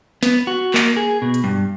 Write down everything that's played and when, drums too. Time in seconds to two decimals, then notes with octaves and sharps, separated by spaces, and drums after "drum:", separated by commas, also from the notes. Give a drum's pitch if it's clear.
0.23 B3, drum: snare
0.47 F#4
0.74 A#3, drum: clap
0.97 G#4
1.22 B2
1.34 drum: hi-hat
1.44 G2